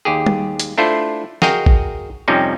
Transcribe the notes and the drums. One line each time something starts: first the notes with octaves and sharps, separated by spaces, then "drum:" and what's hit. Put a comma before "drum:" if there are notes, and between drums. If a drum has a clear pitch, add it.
D#2 G4 G#4
drum: tom G3
drum: hi-hat
A3 D4 E4 F4 A4 C5
F#4 G#4 A#4 D#5 F5 G5, drum: snare
drum: kick A1
F2 C3 F3 G3 C#4 D#4